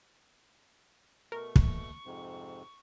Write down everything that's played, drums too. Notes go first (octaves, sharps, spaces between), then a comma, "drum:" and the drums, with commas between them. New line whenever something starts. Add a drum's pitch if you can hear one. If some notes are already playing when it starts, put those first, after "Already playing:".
B2 A3 A#4 C#6
drum: kick
F2 G#2 C3